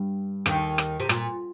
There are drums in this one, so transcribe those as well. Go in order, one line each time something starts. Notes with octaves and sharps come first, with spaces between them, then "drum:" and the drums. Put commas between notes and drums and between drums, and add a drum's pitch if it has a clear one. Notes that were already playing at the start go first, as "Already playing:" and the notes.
Already playing: G2
D#2 D#3, drum: rim click
drum: rim click
C3
A#2, drum: rim click